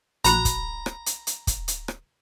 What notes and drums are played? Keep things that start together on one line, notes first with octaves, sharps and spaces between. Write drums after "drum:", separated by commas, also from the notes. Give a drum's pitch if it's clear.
A#1 F#4 A#5 B5 F#6, drum: hi-hat
drum: kick, hi-hat
drum: rim click
drum: hi-hat
drum: hi-hat
drum: kick, hi-hat
drum: hi-hat
drum: rim click